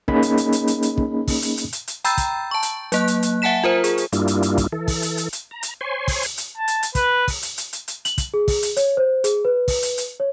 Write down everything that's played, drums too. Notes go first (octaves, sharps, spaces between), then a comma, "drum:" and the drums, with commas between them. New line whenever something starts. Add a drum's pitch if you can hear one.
A#3 C#4 D#4 G#4 D#5 B5, drum: kick
drum: hi-hat
drum: hi-hat
drum: hi-hat
drum: hi-hat
drum: hi-hat
drum: kick
drum: kick, open hi-hat
drum: hi-hat
drum: hi-hat
drum: hi-hat
drum: hi-hat
G5 A#5 B5 E6 G6 A6, drum: hi-hat
drum: kick, hi-hat
A5 C#6
drum: hi-hat
F#3 A#3 F#6, drum: hi-hat
drum: hi-hat
drum: hi-hat
E5 F#5 G#5 A5 B6 E7
F4 A#4 C5
G#4, drum: hi-hat
drum: hi-hat
G2 G3 A#3 D4 E4 F4, drum: hi-hat
drum: hi-hat
drum: hi-hat
drum: kick, hi-hat
E3 A4
drum: kick, open hi-hat
drum: hi-hat
drum: hi-hat
drum: hi-hat
A#5
drum: hi-hat
C5 C#5 G#5 C6
drum: kick, open hi-hat
drum: hi-hat
drum: hi-hat
A5
drum: hi-hat
drum: hi-hat
B4, drum: kick, hi-hat
drum: kick, open hi-hat
drum: hi-hat
drum: hi-hat
drum: hi-hat
drum: hi-hat
F#7, drum: hi-hat
drum: kick, hi-hat
G#4
drum: kick, open hi-hat
drum: hi-hat
C#5, drum: hi-hat
C5
G#4, drum: hi-hat
B4
drum: kick, open hi-hat
drum: hi-hat
drum: hi-hat
C#5